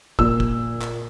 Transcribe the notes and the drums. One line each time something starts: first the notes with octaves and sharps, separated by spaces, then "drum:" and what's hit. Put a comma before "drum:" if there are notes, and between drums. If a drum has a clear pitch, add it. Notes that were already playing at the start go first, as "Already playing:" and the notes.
A#2 E6, drum: kick
drum: kick
drum: clap